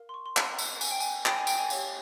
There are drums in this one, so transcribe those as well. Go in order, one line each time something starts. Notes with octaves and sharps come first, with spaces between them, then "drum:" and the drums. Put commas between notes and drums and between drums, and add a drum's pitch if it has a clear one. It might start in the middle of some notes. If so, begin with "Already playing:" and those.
Already playing: A#4 F5
C6
C#6
C6
A#5, drum: clap
drum: tambourine
G#5, drum: tambourine
G5
G#5, drum: tambourine
G5, drum: clap
G#5
G5, drum: tambourine
G#5
G4 C#5 F5, drum: tambourine